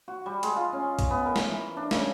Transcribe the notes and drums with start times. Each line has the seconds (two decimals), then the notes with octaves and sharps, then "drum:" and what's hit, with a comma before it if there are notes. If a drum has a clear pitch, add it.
0.08 F#4
0.26 G3
0.43 G#3, drum: hi-hat
0.56 F4
0.73 C#4
0.99 drum: kick A1, hi-hat
1.10 B3
1.26 A#4
1.36 drum: snare
1.48 E3
1.77 D4
1.91 C#3, drum: snare